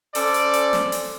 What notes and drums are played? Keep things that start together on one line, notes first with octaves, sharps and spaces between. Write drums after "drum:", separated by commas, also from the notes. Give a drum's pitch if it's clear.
C#4 A4 C5 D5, drum: open hi-hat
drum: hi-hat
drum: hi-hat
drum: snare
drum: open hi-hat